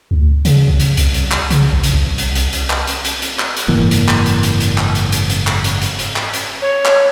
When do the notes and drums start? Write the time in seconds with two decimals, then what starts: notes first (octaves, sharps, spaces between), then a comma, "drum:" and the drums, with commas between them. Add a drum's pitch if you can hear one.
0.11 D2
0.45 C#3, drum: hi-hat
0.69 C2
0.80 drum: hi-hat
0.97 C2, drum: hi-hat
1.14 drum: hi-hat
1.32 drum: clap
1.50 C#3, drum: hi-hat
1.73 A#1
1.83 drum: hi-hat
1.93 C2
2.18 drum: hi-hat
2.35 drum: hi-hat
2.53 drum: hi-hat
2.70 drum: clap
2.87 drum: hi-hat
3.05 drum: hi-hat
3.22 drum: hi-hat
3.39 drum: clap
3.57 drum: hi-hat
3.68 F#1 G#2 E3 A#3
3.91 drum: hi-hat
4.08 drum: clap
4.26 drum: hi-hat
4.43 drum: hi-hat
4.60 drum: hi-hat
4.78 drum: clap
4.95 drum: hi-hat
5.12 drum: hi-hat
5.30 drum: hi-hat
5.47 drum: clap
5.64 drum: hi-hat
5.82 drum: hi-hat
5.99 drum: hi-hat
6.16 drum: clap
6.34 drum: hi-hat
6.62 C#5
6.85 drum: clap